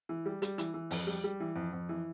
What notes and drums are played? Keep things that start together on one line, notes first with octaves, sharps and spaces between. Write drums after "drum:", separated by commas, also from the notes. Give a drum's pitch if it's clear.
E3
G3
G3, drum: hi-hat
E3, drum: hi-hat
E3
F2, drum: open hi-hat
G3
G3
E3
F2
F2
E3